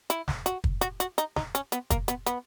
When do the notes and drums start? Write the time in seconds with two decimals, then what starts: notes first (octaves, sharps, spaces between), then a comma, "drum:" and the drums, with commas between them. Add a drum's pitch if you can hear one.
0.10 E4, drum: hi-hat
0.28 drum: snare
0.46 F#4, drum: hi-hat
0.64 drum: kick
0.81 F#4, drum: hi-hat
1.00 F#4, drum: hi-hat
1.18 D#4, drum: hi-hat
1.36 D#4, drum: snare
1.55 C#4, drum: hi-hat
1.72 B3, drum: hi-hat
1.90 A#3, drum: kick, hi-hat
2.08 B3, drum: hi-hat
2.26 B3, drum: hi-hat